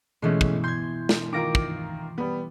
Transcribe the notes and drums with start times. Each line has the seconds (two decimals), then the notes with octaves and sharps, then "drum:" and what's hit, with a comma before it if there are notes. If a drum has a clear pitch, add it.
0.22 B2 E3 G#3 A3 C#4
0.41 drum: kick
0.64 C6 G6 G#6
1.09 drum: snare
1.32 D#3 F4 A#4 D6 A#6 D7
1.55 drum: kick
2.18 G3 B3